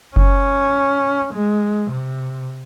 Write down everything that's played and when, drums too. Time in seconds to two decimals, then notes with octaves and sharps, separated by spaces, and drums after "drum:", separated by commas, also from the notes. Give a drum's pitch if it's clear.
0.16 C#4, drum: kick F#1
1.33 G#3
1.91 C3